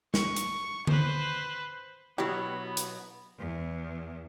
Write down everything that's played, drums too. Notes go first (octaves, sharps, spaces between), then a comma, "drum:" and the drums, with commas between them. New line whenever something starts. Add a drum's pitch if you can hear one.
C#6, drum: snare
drum: hi-hat
B4 C5, drum: tom D3
B2 F#3 B3 E4 G4
drum: hi-hat
E2